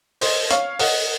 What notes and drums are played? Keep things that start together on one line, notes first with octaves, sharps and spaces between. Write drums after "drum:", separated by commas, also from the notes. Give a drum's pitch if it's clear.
C5 D#5, drum: open hi-hat
C#5 F5, drum: hi-hat
D#5 F#5, drum: open hi-hat